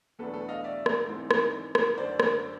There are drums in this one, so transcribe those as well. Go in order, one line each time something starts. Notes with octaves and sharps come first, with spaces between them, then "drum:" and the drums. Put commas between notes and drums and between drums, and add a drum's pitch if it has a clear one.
E2 B2 F#3 A3 D4 A4 B4
A4 B4
D#5 F5
D5 E5
drum: rim click
G#2 E3 G#3 C4 D#4
drum: rim click
drum: rim click
F#2 D3 F#3 C5 D5
drum: rim click